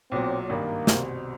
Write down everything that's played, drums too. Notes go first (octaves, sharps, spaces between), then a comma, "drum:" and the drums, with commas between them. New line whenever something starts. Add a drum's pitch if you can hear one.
B1 A#2 F#3 C4
G#1 G2 D#3 A#3
C2 B2 G3 C4, drum: snare